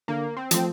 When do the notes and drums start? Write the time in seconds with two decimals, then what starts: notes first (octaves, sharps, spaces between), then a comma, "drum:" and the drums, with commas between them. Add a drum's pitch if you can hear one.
0.08 D3 A#3
0.37 C4
0.51 F3 A3 C4, drum: hi-hat